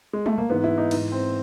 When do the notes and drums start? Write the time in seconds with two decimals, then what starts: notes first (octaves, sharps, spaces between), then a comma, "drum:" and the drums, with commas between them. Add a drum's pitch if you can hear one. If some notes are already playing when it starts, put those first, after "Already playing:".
0.13 G#3
0.26 A3, drum: tom G3
0.38 A#3
0.50 G#2 E3 B3
0.64 E4
0.78 D#4
0.91 G#2 E3, drum: cymbal
1.12 C4